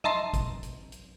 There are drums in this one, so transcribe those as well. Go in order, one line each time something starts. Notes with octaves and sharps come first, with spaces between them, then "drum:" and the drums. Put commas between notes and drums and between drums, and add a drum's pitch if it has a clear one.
D#5 E5 A5 A#5 C6, drum: tom F#3
drum: kick G1, hi-hat
drum: hi-hat
drum: hi-hat